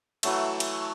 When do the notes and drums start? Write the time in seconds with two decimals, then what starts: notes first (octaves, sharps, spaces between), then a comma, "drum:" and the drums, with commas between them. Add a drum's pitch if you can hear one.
0.23 E3 F#3 A3, drum: cymbal
0.60 drum: cymbal